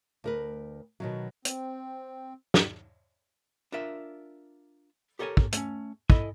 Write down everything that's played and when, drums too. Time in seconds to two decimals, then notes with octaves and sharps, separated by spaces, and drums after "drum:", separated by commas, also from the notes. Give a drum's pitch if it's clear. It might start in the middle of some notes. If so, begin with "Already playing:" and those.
0.24 D2 A#4 B4
1.00 B2 D#3 F#3
1.45 C4, drum: hi-hat
2.54 drum: snare
3.72 D4 F4 A#4 E5
5.19 G4 A4 A#4 C#5 G#5
5.37 drum: kick
5.52 A3 C#4, drum: hi-hat
6.10 E4 A4 D#5 G#5, drum: kick